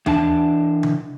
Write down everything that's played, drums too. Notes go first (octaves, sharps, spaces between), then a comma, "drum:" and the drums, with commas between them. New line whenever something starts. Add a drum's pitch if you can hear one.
E3 D4 A5, drum: tom D#2
drum: tom C#3